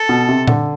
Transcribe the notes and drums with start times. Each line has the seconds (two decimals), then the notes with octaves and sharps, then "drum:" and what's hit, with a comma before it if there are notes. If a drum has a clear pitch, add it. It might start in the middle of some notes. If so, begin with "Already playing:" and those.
Already playing: A4
0.09 B2
0.28 C3
0.47 D3, drum: tom A#2